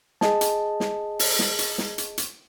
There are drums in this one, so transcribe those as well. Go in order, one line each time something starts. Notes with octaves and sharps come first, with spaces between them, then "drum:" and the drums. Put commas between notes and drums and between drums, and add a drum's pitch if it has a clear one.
G#4 D#5 A5, drum: snare
drum: hi-hat
drum: snare
drum: open hi-hat
drum: snare
drum: hi-hat
drum: snare
drum: hi-hat
drum: hi-hat